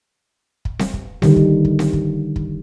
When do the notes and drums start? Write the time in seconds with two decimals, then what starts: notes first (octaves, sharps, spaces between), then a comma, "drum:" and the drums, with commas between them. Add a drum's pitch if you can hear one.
0.65 drum: kick
0.79 drum: snare C4
0.94 drum: kick
1.22 D3 D#3 G3, drum: snare C4
1.36 drum: kick
1.65 drum: kick
1.79 drum: snare C4
1.93 drum: kick
2.36 drum: kick